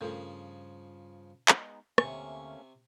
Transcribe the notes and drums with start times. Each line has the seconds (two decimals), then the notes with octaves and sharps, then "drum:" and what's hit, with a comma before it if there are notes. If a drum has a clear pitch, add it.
0.01 G2 C#3 F3 A3 A4 A#4
1.48 G#3 B3 D#4, drum: clap
1.98 D2 C3 A3 A#3 C#4 G#5 C#6, drum: rim click